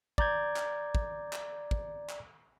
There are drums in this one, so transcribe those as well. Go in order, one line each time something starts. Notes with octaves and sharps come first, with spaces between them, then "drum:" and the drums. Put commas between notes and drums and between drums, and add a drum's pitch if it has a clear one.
D5 A#5 G6 G#6, drum: kick
drum: clap
drum: kick
drum: clap
drum: kick
drum: clap